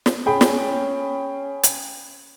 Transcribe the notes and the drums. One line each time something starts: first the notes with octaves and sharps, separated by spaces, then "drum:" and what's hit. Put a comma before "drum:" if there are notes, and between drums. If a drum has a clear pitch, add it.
drum: snare
C#4 G#4 G5 B5
drum: snare
drum: hi-hat